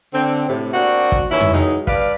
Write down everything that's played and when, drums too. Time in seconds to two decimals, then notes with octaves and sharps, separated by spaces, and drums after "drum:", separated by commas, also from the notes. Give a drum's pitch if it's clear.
0.13 D3 C4
0.49 A2 C3
0.73 A#3 C4 D4 F#4
1.12 drum: kick
1.31 D#2 E3 C#4 E4
1.41 drum: tom F2
1.53 D#3 E3 F#3 G#3 D#4
1.87 G2 B4 D5 F5, drum: kick